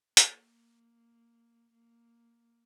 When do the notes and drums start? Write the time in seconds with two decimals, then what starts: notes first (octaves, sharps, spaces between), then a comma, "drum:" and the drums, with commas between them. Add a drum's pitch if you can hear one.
0.17 A#3, drum: hi-hat
1.73 A#3